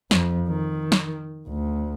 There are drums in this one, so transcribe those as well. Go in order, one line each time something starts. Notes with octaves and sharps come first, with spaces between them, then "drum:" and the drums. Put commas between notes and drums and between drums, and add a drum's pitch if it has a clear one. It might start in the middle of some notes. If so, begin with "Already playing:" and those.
F2, drum: snare
D#3
drum: snare
D2